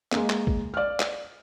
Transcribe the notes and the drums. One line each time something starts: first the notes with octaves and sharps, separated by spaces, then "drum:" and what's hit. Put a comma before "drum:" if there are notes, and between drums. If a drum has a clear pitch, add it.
G#3 A#3, drum: clap
drum: clap
drum: kick
D5 F6
drum: clap